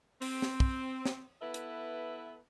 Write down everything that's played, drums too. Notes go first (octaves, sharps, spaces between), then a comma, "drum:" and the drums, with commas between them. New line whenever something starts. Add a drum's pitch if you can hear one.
C4, drum: open hi-hat
drum: snare
drum: kick
drum: snare
B3 E4 A4 B4 E5
drum: hi-hat